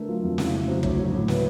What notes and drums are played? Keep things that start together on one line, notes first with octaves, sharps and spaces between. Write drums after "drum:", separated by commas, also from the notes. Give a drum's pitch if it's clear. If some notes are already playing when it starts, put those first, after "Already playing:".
Already playing: D3 A3 A#4 B4
F#3 F4
F2 F4
C#3 E4, drum: snare
A3
F#3 C5
D2 C#5, drum: kick
F#3 C#5
A2
B3 B4, drum: snare